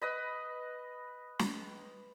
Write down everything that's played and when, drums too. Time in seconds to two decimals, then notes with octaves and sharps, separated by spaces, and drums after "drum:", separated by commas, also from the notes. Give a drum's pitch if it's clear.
0.02 B4 D#5 B5
1.39 drum: snare